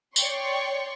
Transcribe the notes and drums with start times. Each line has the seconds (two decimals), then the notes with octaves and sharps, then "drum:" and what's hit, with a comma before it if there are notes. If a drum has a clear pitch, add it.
0.16 C#5 D5 G5 C6 C#6, drum: tambourine